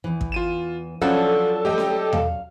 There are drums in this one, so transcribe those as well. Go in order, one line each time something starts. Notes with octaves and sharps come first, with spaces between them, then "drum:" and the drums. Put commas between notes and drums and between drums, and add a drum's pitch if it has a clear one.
E2 E3
drum: kick
F4 D#7 E7
F3 F#3 C#4 D4 F4 A4 C#5 F#5
G3 A3 G4 D#5 G5
drum: snare C#4
F5, drum: tom E2